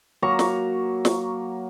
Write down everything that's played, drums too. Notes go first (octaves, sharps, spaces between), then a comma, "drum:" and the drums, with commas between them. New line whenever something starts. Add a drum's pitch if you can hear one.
F#3 A#3 A#5 C#6
drum: snare
drum: snare